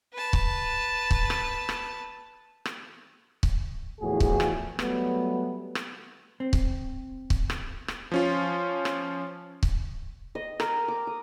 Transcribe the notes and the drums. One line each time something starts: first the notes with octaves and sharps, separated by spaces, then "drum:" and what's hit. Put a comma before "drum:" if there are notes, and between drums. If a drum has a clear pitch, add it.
B4 A5
drum: kick C#1
drum: kick C#1
drum: rim click
drum: rim click
drum: rim click
drum: kick C#1
E2 A2 F3 F#4 G#4
drum: kick C#1
drum: rim click
F#3 G3 A3 B3, drum: rim click
drum: rim click
C4
drum: kick C#1
drum: kick C#1
drum: rim click
drum: rim click
F3 C#4 F4
drum: rim click
drum: kick C#1
D#5
A#4, drum: rim click
D6
D#6